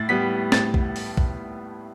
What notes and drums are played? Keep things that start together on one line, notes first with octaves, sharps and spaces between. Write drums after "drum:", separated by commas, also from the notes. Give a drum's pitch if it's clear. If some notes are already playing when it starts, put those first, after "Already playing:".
Already playing: A2 A6
G3 B3 B6
A2 A6, drum: snare
drum: kick A#1
drum: open hi-hat
drum: kick A#1